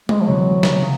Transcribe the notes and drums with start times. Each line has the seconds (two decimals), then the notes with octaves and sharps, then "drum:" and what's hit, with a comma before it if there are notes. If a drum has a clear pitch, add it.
0.09 G#3, drum: tom G#3
0.21 F3
0.27 D2 C3 E3 F#3
0.63 drum: snare
0.82 C#3